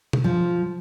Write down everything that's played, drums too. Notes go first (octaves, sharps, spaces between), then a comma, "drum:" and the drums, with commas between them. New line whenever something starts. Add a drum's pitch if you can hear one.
drum: tom B2
F3